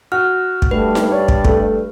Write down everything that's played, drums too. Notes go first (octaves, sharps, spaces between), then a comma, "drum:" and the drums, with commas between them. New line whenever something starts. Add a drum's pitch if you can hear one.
F#4 F6
drum: kick
G2 A3 B4
drum: snare D#4
C#5 D5
drum: kick
A3, drum: kick